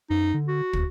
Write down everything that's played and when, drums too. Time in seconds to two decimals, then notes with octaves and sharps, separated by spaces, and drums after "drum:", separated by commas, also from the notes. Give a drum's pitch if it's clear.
0.10 F#2 D#4
0.34 D3
0.48 F#4
0.73 D#2, drum: kick